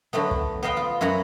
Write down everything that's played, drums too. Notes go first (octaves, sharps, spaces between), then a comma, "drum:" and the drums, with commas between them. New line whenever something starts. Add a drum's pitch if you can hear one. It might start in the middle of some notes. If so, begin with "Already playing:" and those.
D3 F#3 A3 B3
drum: kick
B3 C5 D#5 F5 G5
F4
F#2 E4 F#4 F#5 A#5